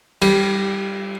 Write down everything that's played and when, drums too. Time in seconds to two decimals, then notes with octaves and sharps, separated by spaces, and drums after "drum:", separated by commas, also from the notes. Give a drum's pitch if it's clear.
0.22 G3, drum: cymbal